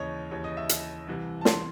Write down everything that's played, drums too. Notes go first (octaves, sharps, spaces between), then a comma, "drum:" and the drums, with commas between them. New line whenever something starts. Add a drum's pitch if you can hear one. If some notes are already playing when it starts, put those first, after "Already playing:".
Already playing: D#2 C#3 E3 C#5 D#5
D#2 C#3 E3 C#5
D#5
E5
drum: hi-hat
C2 C3 E3
A5
C6, drum: snare